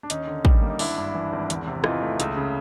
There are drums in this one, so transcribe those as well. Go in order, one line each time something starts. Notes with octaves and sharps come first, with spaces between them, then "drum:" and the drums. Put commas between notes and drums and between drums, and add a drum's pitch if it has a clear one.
D4
D#2 C#4 D#4, drum: hi-hat
D3
G3, drum: kick
A#3
D#4
G#1 D4 E4, drum: open hi-hat
G2
E3
G#1
E2, drum: hi-hat
C3
E3 D#4 F4, drum: rim click
A3
C#2, drum: hi-hat
C#3